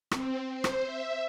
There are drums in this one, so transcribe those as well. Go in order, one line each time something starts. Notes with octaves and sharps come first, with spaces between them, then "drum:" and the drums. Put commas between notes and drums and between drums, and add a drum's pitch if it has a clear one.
C4, drum: rim click
C5
drum: rim click
E5